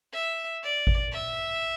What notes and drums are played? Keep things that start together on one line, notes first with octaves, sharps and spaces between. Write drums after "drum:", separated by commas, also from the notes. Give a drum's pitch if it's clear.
E5
D5
drum: kick G#1
E5